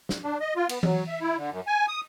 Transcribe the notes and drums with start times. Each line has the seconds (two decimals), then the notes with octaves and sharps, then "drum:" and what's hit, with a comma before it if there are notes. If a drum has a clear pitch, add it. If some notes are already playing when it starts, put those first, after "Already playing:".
0.09 drum: snare
0.24 D4
0.40 D#5
0.56 F4
0.69 B3, drum: cymbal
0.83 F#3, drum: tom E3
1.08 E5
1.21 E4
1.37 D3
1.50 F#2
1.67 G#5
1.88 D#6